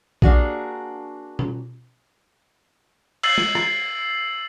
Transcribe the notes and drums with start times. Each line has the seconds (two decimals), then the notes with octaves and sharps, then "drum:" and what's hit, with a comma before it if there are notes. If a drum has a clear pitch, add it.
0.22 A#3 D4 F#4 G#4, drum: kick A#1
1.39 drum: tom B2
3.23 E6 A6 C7 F#7, drum: cymbal
3.38 drum: tom G#3
3.55 drum: rim click